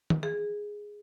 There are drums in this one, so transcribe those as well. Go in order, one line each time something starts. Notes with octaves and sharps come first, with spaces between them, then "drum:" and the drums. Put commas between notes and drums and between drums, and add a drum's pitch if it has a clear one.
drum: tom D#3
G#4